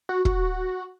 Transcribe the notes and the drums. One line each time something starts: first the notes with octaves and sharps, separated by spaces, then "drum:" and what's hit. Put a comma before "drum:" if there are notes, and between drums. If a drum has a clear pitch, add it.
F#4
F#4, drum: kick